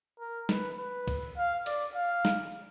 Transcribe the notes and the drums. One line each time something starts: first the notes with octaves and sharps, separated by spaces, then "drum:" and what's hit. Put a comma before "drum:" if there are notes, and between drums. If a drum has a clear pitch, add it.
A#4
B4, drum: snare
B4
drum: kick, cymbal
F5
D5, drum: cymbal
F5
drum: snare